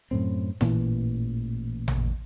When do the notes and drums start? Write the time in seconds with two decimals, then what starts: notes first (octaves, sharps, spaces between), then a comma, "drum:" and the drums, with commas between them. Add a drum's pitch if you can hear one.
0.11 F#2 A2 C4
0.61 A1 A#2 E3, drum: snare E4
1.88 drum: tom A1